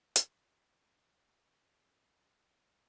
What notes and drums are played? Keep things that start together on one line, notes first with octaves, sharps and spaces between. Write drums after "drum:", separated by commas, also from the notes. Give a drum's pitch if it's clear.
drum: hi-hat
A1 C#4 D#5 G6